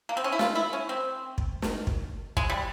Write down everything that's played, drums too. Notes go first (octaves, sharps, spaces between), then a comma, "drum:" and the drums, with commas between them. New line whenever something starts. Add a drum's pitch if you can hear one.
A#3
C4
C#4
E4
F4, drum: snare
E4
C#4
C4
drum: kick
drum: snare
drum: kick
G#3, drum: kick
G3